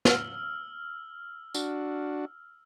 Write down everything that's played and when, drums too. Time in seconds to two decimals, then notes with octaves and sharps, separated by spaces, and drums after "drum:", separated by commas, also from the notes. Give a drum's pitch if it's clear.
0.05 E6 F6, drum: snare
1.54 D4 F#4, drum: tambourine